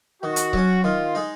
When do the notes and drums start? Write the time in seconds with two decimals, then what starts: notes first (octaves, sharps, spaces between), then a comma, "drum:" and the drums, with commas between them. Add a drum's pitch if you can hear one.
0.23 D#3 F#4
0.36 drum: hi-hat
0.53 F#3 C#4, drum: kick C#1
0.84 D#3 F4
1.15 G#3 D#4